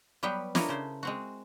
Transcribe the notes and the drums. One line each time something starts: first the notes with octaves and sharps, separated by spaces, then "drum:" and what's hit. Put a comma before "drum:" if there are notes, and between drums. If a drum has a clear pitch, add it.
F#3 G3 B3 B4 G5
D4 E4 A4 A#4 C#5 D#5, drum: snare
C#3 C5
G#3 C4 F#4